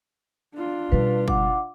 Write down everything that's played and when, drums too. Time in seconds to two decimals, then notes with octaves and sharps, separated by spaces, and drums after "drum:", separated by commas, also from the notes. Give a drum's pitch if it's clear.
0.56 D4 F4
0.92 B2 G3 B4
1.28 F#5 D6, drum: kick